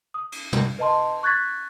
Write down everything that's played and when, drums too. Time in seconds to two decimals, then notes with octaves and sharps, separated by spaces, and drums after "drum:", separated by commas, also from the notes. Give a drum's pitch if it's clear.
0.14 D#6
0.32 drum: cymbal
0.53 drum: tom
0.79 B4 D#5 A5 C6
1.23 C#6 F#6 G#6 A6 B6